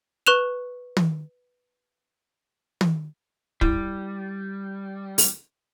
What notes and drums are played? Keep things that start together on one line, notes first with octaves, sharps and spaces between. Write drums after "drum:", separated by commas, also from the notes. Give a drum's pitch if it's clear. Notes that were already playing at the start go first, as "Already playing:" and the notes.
B4 C#6 F#6 E7 F7
drum: tom
drum: tom
G3 E4, drum: kick
drum: open hi-hat